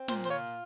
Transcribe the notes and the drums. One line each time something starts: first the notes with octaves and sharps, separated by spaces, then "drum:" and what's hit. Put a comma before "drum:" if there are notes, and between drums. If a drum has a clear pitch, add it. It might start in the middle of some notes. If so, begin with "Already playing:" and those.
Already playing: C4
A#2 C5, drum: snare
C5, drum: open hi-hat
F4 C#5